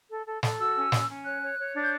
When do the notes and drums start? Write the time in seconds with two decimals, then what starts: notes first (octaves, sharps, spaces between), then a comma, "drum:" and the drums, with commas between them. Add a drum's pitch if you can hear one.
0.10 A4
0.26 A4
0.43 A4, drum: snare
0.58 F#4 E6
0.75 C#4
0.92 C#4, drum: snare
1.09 C#4
1.25 C#5 F#6
1.42 C#5
1.58 C#5
1.74 D4
1.83 G6